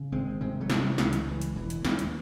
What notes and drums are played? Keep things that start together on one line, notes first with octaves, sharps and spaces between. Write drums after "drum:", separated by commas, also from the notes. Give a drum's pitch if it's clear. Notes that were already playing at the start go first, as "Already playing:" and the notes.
Already playing: C#3
G#1 G#3 C4
C3 G#3 C4
F#3 A3
C3, drum: snare
E3 G#3
C#2 E3, drum: snare
drum: hi-hat
C#2 E3
drum: hi-hat
E1 E3
drum: hi-hat
D#2 E3, drum: snare
drum: hi-hat